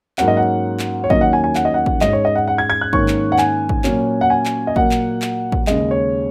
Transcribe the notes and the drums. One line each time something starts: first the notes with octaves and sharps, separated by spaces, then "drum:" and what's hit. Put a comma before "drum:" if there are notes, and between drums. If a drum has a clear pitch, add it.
G#2 F#3 A#3 C#4 F#5, drum: clap
D#5
F#5
drum: clap
C#5
D#2 D#3 F#3 A#3 C#4 D#5, drum: kick
F#5
G#5
G#5
F#5, drum: clap
D#5
F#5
drum: kick
G#2 G#3 C#4 D#5, drum: clap
C#5
D#5
F#5
F#5
G#6
G#6
F#6
G#2 D#3 A#3 C#4 C#6, drum: kick
drum: clap
F#5
G#5, drum: clap
drum: kick
A#2 F#3 A#3 C#4, drum: clap
F#5
G#5
drum: clap
D#5
A#2 F#3 A#3 F#5, drum: kick
drum: clap
drum: clap
drum: kick
D#2 C#3 G#3 D#5, drum: clap
C#5